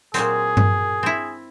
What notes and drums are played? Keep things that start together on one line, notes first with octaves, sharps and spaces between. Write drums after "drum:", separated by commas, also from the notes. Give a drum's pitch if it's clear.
A#2 F#3 C4 G#4, drum: hi-hat
drum: tom G2
C4 E4